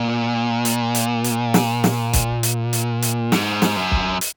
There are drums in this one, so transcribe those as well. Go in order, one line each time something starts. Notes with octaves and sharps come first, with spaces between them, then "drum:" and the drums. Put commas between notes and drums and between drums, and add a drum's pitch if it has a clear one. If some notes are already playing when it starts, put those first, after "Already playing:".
Already playing: A#2
drum: hi-hat
drum: hi-hat
drum: hi-hat
drum: snare
drum: snare
drum: kick, hi-hat
drum: hi-hat
drum: hi-hat
drum: hi-hat
G#2, drum: snare
drum: snare
F#2
drum: kick
drum: hi-hat